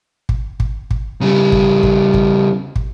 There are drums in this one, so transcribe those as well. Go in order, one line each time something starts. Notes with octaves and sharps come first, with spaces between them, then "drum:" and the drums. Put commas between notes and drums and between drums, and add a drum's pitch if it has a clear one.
drum: kick
drum: kick
drum: kick
C#3 G3
drum: kick
drum: kick
drum: kick
drum: kick